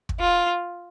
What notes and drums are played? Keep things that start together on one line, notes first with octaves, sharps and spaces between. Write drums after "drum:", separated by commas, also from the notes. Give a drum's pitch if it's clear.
drum: kick
F4